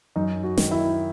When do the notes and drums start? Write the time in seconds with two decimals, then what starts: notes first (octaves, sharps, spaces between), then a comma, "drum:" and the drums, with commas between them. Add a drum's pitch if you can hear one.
0.16 F#2 D#4
0.44 F#4
0.58 D#3, drum: snare
0.71 E4